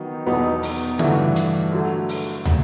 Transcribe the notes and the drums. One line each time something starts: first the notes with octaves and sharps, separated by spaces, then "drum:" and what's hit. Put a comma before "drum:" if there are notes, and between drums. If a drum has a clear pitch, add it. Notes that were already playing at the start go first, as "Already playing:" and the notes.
Already playing: D#3 F#3 B3 D#4
E2 B2 F#3 B3 D#4
drum: open hi-hat
G2 E3 A3 D4 F#4, drum: tom C#3
drum: hi-hat
D3 F#3 A3
drum: open hi-hat
drum: tom